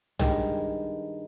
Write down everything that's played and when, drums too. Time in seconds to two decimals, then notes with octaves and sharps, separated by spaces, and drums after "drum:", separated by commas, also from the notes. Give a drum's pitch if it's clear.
0.19 G2 D#3 G#3, drum: tom B1